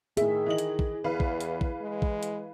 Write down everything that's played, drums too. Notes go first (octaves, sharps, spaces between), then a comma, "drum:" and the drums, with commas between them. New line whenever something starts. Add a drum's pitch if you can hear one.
A2 D#3 G#4 E5, drum: hi-hat
E3 D#5 F#7
drum: hi-hat
drum: kick
E2 E3 B4 F5
drum: kick
drum: hi-hat
drum: kick
G#3
drum: kick
drum: hi-hat